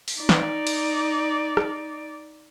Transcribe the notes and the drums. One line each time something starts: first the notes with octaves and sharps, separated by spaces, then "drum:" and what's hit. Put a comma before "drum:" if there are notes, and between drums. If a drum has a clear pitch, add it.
drum: open hi-hat
D#4 D5
drum: snare
drum: cymbal
drum: rim click